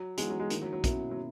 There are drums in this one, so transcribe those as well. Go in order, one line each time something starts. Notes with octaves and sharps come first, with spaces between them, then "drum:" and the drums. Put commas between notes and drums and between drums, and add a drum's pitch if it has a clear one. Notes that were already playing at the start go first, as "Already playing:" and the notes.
Already playing: F#3
E3 G#3 B3 D#4 F#4, drum: hi-hat
F#3
G#3
D#3 A#3 E4, drum: hi-hat
F#3
F#3
B2 A#3 C#4 E4, drum: kick, hi-hat
F#3